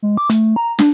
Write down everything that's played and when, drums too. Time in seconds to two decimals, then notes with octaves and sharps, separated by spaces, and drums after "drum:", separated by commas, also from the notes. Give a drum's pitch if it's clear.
0.03 G#3
0.17 D6
0.30 A3, drum: hi-hat
0.56 A#5
0.79 D4, drum: snare